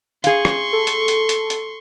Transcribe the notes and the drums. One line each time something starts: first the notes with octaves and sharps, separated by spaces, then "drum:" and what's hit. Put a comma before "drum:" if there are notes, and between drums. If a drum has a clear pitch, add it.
G#4 F5 C6 C#6, drum: hi-hat
drum: rim click
A4
drum: hi-hat
drum: hi-hat
drum: hi-hat
drum: hi-hat